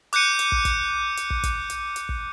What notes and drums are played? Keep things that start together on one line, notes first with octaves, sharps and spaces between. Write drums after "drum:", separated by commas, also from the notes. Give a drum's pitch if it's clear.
D6 F#6 G6 C#7 D#7, drum: hi-hat
drum: hi-hat
drum: kick
drum: kick, hi-hat
drum: hi-hat
drum: kick
drum: kick, hi-hat
drum: hi-hat
drum: hi-hat
drum: kick